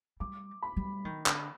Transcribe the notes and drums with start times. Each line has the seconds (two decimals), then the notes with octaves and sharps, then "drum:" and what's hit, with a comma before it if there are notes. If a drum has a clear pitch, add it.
0.20 G3 D6
0.62 B5
0.77 G3
1.05 D#3
1.26 D3, drum: clap